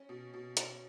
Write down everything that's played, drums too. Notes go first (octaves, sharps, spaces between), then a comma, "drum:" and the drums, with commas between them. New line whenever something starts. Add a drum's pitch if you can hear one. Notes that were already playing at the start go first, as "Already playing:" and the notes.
Already playing: C#4
B2
B2
B2, drum: hi-hat